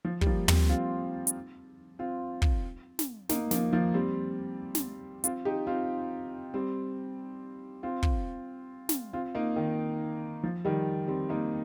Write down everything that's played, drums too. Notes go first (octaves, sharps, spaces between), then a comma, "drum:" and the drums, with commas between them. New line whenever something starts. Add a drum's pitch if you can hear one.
F3
G3, drum: kick
F3 A#3
G3 C4, drum: tom
C4 F4
drum: hi-hat
C4 F4
drum: kick
drum: snare
A#3 D#4, drum: snare
F3 A#3, drum: snare
F3 A#3
G3 C4
drum: snare
C4 F4, drum: hi-hat
D#4 G4
C4 F4
G3 C4
C4 F4
drum: kick
drum: snare
C4 F4
A#3 D#4
D#3
F3
D#3 G3
G3 C4
A#3 D#4